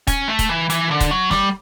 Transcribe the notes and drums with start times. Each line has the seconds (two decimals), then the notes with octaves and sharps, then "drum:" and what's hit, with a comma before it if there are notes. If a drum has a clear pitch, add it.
0.07 C#4, drum: kick D#1, hi-hat
0.28 A3
0.39 drum: kick D#1, hi-hat
0.49 E3
0.70 E3, drum: hi-hat
0.91 D3
1.00 drum: kick D#1, hi-hat
1.11 F#3
1.31 G3, drum: snare